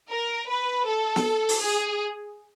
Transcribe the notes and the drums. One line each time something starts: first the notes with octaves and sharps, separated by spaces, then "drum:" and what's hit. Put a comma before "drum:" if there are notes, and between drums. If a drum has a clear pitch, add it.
A#4
B4
A4
drum: snare
drum: open hi-hat
G#4